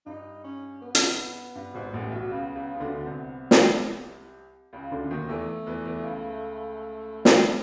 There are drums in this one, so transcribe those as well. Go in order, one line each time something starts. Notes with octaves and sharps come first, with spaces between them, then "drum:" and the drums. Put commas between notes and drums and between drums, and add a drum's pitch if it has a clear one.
G2 D#4
C#4
B3
drum: hi-hat
G2
G#1 G#2
A1 A2
B1 B2
C#2 C#3
C#2 C#3
C#3
D2 D3
C2 C3
drum: snare
C#2 C#3
D2 D3
D3
D#2 D#3
E2 E3 A3
E2 E3
E2 E3
C#2 C#3
drum: snare